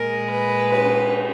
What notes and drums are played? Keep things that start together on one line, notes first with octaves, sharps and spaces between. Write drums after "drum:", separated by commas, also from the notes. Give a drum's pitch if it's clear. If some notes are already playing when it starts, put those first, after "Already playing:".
Already playing: A#2 G#3 A#4
B4
B4, drum: cymbal